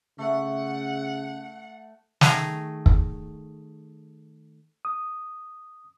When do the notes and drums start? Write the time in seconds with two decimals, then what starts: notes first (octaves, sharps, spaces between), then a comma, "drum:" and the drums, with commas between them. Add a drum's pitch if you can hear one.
0.18 C#3 A3 F#5
2.21 D#3 A3 G#4 A#5, drum: snare
2.86 drum: kick
4.85 D#6